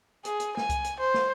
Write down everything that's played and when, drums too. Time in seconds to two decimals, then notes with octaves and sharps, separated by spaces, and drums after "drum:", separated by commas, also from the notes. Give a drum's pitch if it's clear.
0.25 G#4, drum: hi-hat
0.40 drum: hi-hat
0.57 G#5, drum: snare
0.69 drum: kick C2, hi-hat
0.84 drum: hi-hat
1.00 C5
1.14 drum: snare